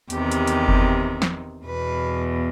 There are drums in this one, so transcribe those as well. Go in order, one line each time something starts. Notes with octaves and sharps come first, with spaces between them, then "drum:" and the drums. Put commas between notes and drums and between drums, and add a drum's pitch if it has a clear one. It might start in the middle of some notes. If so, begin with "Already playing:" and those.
E2 C3 D#3 G4, drum: hi-hat
drum: hi-hat
drum: hi-hat
drum: kick F#1
drum: snare
E2 B2 B4